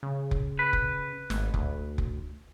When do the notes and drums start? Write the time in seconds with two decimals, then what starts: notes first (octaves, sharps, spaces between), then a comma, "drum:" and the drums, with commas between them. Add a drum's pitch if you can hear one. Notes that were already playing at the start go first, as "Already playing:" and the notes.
0.03 C#3
0.31 drum: kick F1
0.59 B4
0.73 drum: kick F1
1.30 G#1, drum: snare
1.54 D2, drum: kick F1
1.98 drum: kick F1